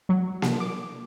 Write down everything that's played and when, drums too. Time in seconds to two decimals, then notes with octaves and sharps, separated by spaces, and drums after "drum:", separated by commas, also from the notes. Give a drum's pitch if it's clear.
0.09 F#3
0.42 drum: snare A#3
0.60 D6